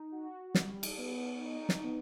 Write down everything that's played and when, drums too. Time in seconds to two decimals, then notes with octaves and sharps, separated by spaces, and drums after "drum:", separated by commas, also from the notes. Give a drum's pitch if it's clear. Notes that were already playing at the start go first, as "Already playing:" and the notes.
Already playing: D#4
0.12 F#4
0.55 G3, drum: snare
0.83 drum: cymbal
0.98 B3
1.40 D#4
1.69 drum: snare
1.83 B3